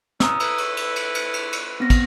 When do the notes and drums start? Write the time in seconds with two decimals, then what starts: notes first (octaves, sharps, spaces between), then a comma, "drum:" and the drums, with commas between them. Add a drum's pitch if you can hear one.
0.20 E2 C#4 A#5 D#6 E6, drum: snare
0.40 E4 A4 B4 E6, drum: cymbal
0.58 drum: cymbal
0.77 drum: cymbal
0.96 drum: cymbal
1.15 drum: cymbal
1.34 drum: cymbal
1.52 drum: cymbal
1.80 B3 C4 A#6
1.90 drum: kick, cymbal